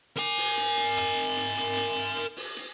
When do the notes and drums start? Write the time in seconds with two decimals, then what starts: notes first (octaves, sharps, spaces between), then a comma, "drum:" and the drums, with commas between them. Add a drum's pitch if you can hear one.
0.18 A#4 G#5, drum: hi-hat
0.37 drum: open hi-hat
0.57 drum: hi-hat
0.77 drum: hi-hat
0.97 drum: rim click
1.17 drum: hi-hat
1.37 drum: hi-hat
1.57 drum: hi-hat
1.77 drum: hi-hat
2.17 drum: hi-hat
2.37 drum: open hi-hat
2.56 drum: hi-hat